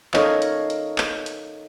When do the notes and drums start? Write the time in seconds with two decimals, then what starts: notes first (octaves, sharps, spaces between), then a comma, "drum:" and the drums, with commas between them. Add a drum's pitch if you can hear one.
0.14 D#4 A4 A#4 C#5 D#5 F5, drum: clap
0.42 drum: hi-hat
0.70 drum: hi-hat
0.98 drum: clap
1.26 drum: hi-hat